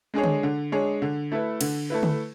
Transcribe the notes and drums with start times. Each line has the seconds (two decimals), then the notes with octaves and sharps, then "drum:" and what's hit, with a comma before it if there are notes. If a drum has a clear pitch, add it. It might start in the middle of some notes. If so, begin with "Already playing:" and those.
0.14 G#3 D4 G#4 C#5
0.24 drum: tom D3
0.43 D3
0.72 G#3 D4 G#4 C#5
1.02 D3
1.32 A3 E4 B4
1.61 D3, drum: cymbal
1.90 A3 E4 B4
2.03 drum: tom D3